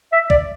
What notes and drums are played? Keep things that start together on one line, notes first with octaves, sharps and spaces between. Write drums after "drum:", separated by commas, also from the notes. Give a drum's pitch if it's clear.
E5
D5, drum: kick